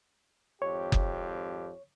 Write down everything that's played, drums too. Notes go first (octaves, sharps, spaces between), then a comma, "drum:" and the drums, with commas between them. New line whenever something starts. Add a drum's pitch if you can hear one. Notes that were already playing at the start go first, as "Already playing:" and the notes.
G#1 F2 G4 C#5
drum: kick F#1